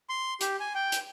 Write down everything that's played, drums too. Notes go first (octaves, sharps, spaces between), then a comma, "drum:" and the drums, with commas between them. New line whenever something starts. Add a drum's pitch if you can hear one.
C6
G4, drum: hi-hat
G#5
G5
drum: hi-hat